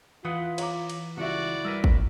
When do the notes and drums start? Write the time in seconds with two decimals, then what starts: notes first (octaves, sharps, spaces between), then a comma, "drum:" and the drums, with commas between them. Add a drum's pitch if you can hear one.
0.25 E3 F4 B4 F#5 D#6
0.58 C#5 A#5 D6, drum: cymbal
0.90 drum: cymbal
1.17 C#2 G3 E4 F#4 D5 E5
1.65 G3 A#4 B4 E6
1.84 drum: kick